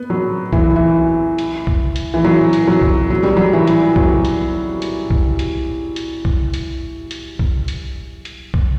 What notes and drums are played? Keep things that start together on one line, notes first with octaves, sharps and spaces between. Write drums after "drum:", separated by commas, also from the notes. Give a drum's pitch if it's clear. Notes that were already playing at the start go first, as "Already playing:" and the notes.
Already playing: B3
F#3
E3, drum: kick B1
E3
drum: hi-hat
drum: kick B1
drum: hi-hat
E3
F#3
drum: hi-hat
F#3
drum: kick B1
F#3
G3
F#3
E3
drum: hi-hat
F#3, drum: kick B1
drum: hi-hat
drum: hi-hat
drum: kick B1
drum: hi-hat
drum: hi-hat
drum: kick B1
drum: hi-hat
drum: hi-hat
drum: kick B1
drum: hi-hat
drum: hi-hat
drum: kick B1